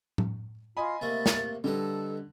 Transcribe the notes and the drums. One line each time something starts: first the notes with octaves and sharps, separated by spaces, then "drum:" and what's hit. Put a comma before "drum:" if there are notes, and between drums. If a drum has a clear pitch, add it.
drum: tom A2
F4 D#5 G#5 B5
C3 A3 A#3 A6
drum: snare
D3 G3 D#4 A4 B4